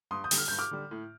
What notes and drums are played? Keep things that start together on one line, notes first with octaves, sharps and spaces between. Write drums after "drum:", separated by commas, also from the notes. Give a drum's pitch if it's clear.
G2 C6 D#6
D#6 G6
D3 G3, drum: open hi-hat
F6
G2 G6
D6 F6
D3 G3
A2